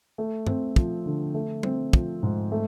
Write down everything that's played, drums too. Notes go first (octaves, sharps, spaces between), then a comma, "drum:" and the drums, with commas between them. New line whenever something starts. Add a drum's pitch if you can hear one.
A3
C4, drum: tom G2
F3, drum: kick
D3
A3
C4, drum: tom
F3, drum: kick
G#2
A3